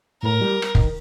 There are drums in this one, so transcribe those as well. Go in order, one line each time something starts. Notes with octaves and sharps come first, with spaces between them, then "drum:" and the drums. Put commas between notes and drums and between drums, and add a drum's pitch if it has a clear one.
A2 A#4
G3
drum: rim click
D#3, drum: kick